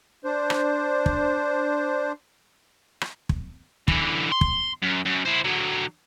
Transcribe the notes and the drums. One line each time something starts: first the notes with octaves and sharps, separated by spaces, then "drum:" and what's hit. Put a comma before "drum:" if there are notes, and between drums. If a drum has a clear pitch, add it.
D4 C5
drum: rim click
drum: kick
drum: rim click
drum: kick
D3 E3, drum: kick
C6
drum: kick
F#2
F#2
E4 C5
D3 F#3